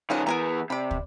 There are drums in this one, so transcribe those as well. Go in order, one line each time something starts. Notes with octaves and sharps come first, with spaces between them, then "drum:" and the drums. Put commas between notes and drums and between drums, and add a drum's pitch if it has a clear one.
D#3 F3 B3 C#4 D#5
E3 B3 A#4 G#5 A#5
C3 D5 B5
drum: kick